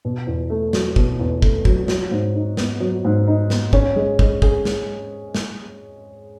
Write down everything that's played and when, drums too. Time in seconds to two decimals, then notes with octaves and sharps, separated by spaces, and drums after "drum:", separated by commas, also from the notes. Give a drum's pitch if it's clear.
0.05 B2
0.27 E2
0.50 A3
0.73 F#3, drum: snare
0.96 B2, drum: kick
1.20 E2
1.42 A3, drum: kick
1.65 F#3, drum: kick
1.88 F#3, drum: snare
2.11 G#2
2.35 D#4
2.57 B3, drum: snare
2.80 F#3
3.05 G#2
3.27 D#4
3.50 B3, drum: snare
3.73 C#4, drum: kick
3.96 G#3
4.19 G#3, drum: kick
4.42 G#4, drum: kick
4.65 drum: snare
5.35 drum: snare